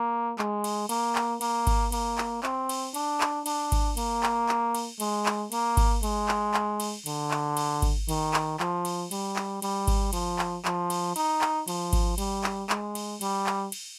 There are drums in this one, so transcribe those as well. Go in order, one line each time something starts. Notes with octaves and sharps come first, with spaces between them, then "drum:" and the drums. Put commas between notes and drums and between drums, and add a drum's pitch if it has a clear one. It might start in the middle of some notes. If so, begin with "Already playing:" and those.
Already playing: A#3
G#3, drum: clap
drum: cymbal
A#3, drum: cymbal
drum: clap
A#3, drum: cymbal
drum: kick G#1, cymbal
A#3, drum: cymbal
drum: clap
C4, drum: clap
drum: cymbal
D4, drum: cymbal
drum: clap
D4, drum: cymbal
drum: kick G#1, cymbal
A#3, drum: cymbal
drum: clap
drum: clap
drum: cymbal
G#3, drum: cymbal
drum: clap
A#3, drum: cymbal
drum: kick G#1, cymbal
G#3, drum: cymbal
drum: clap
drum: clap
drum: cymbal
D3, drum: cymbal
drum: clap
drum: cymbal
drum: kick G#1, cymbal
D#3, drum: cymbal
drum: clap
F3, drum: clap
drum: cymbal
G3, drum: cymbal
drum: clap
G3, drum: cymbal
drum: kick G#1, cymbal
F3, drum: cymbal
drum: clap
F3, drum: clap
drum: cymbal
D#4, drum: cymbal
drum: clap
F3, drum: cymbal
drum: kick G#1, cymbal
G3, drum: cymbal
drum: clap
G#3, drum: clap
drum: cymbal
G3, drum: cymbal
drum: clap
drum: cymbal